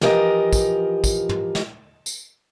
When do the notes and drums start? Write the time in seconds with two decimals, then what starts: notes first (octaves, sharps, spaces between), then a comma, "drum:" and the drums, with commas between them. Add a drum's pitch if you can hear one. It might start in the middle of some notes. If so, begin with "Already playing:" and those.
0.01 E3 F3 G4 A#4 D#5, drum: snare
0.53 drum: kick, tambourine
1.04 drum: kick, tambourine
1.29 drum: tom
1.55 drum: snare
2.06 drum: tambourine